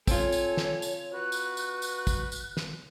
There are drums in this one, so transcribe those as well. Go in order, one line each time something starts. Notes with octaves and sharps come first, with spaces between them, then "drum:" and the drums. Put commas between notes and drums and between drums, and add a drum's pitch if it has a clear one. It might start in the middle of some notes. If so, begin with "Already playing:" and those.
C4 F4 A4 C#5 G#5, drum: kick, tambourine
drum: tambourine
drum: snare
drum: tambourine
F#4 B4 F#6
drum: tambourine
drum: tambourine
drum: tambourine
drum: kick, tambourine
drum: tambourine
drum: snare